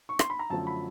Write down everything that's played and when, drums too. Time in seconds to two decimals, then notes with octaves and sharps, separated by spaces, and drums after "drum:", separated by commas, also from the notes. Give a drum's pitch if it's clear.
0.09 C#6
0.19 C6, drum: rim click
0.30 B5
0.39 A#5
0.50 F#2 D3 F3 A3 C#4 A5
0.67 B5